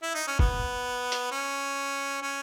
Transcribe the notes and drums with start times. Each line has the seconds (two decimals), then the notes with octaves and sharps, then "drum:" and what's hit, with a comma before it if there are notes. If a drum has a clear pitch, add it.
0.03 E4
0.15 D#4
0.27 C#4
0.39 B3, drum: kick
1.12 drum: hi-hat
1.31 C#4
2.22 C#4